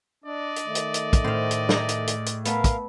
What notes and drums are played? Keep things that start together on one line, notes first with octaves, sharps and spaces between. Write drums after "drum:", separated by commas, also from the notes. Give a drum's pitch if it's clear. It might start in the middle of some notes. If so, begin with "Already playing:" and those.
D4 D5 D#5
drum: hi-hat
D#3 A3
drum: hi-hat
drum: hi-hat
drum: kick, hi-hat
A2 C5 F5
drum: hi-hat
G#4 A#5, drum: snare
drum: hi-hat
drum: hi-hat
drum: hi-hat
A3 B3 A#4 E5 F5, drum: hi-hat
drum: kick, hi-hat